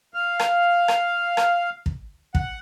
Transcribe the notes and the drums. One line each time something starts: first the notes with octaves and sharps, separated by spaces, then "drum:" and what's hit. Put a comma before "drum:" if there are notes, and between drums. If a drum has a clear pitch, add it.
F5
drum: rim click
drum: rim click
drum: rim click
drum: kick
F#5, drum: kick